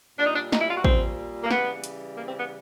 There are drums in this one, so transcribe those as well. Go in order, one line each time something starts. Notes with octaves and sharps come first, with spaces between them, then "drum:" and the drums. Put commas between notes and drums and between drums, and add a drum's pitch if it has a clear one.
A#2 G3 D4
D#4
D4
D#4, drum: snare
E4
F4
F#4
C4, drum: kick A1
A#3
C#3 E3 G3 B3, drum: snare
drum: hi-hat
A#3
C4
B3